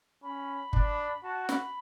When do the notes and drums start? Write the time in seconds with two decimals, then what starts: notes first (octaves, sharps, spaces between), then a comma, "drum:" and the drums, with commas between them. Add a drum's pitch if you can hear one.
0.23 C#4 B5
0.73 D4, drum: kick
1.23 F#4 A5
1.44 C#6
1.49 B5, drum: snare